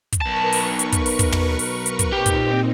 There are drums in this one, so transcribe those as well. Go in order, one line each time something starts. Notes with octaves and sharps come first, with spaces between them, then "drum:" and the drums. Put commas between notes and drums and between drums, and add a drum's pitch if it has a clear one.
drum: kick, hi-hat
B1 A#4 B4 A5 C#6
drum: open hi-hat
drum: hi-hat
drum: kick, hi-hat
drum: open hi-hat
drum: kick, hi-hat
drum: tom
drum: open hi-hat
drum: hi-hat
drum: kick, hi-hat
A#2 C4 D#4 G4
drum: kick, hi-hat